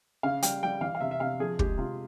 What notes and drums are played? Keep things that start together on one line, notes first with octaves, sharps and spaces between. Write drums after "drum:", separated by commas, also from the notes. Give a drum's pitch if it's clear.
C#3 F5
G3 G5, drum: hi-hat
G3 G5
E3 F5
F5
C3 E5
E5
C3 F5
F3 G#4
G#3 G4, drum: kick
C3 F4